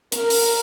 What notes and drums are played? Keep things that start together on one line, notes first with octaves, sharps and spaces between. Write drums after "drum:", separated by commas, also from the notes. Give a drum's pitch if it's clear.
A#4, drum: hi-hat
drum: open hi-hat